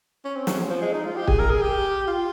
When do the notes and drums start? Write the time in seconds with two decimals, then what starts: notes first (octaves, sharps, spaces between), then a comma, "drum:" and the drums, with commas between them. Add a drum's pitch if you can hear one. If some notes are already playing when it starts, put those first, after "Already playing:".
0.25 C#4
0.36 C4
0.47 C#4, drum: snare
0.59 F3
0.70 F3
0.82 G#3
0.93 D#4
1.05 F4
1.16 G4
1.27 G#4, drum: kick
1.39 A#4
1.50 G#4
1.62 G4
2.07 F4